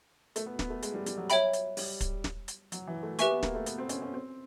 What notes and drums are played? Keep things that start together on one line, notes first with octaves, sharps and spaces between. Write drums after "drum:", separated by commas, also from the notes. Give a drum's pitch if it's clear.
A3, drum: hi-hat
B3
B3, drum: snare
A3
G#3, drum: hi-hat
G3
G3, drum: hi-hat
F#3
C#5 E5 G5 B5, drum: hi-hat
drum: hi-hat
G3, drum: open hi-hat
drum: kick, hi-hat
drum: snare
drum: hi-hat
F#3, drum: hi-hat
E3
A3
A#3 G4 B4 E5 G#5 C#6, drum: hi-hat
B3
A#3, drum: snare
A3
B3, drum: hi-hat
C4
C#4, drum: hi-hat
C#4
C4